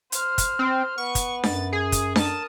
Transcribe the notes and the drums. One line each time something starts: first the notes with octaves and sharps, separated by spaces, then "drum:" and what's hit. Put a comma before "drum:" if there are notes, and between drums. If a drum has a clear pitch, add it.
C5 F6, drum: hi-hat
drum: kick, hi-hat
C4
B3 C#6
drum: kick, hi-hat
F#2 A6, drum: snare D4
G#4
drum: kick, hi-hat
A#4 A5 D#6, drum: snare D4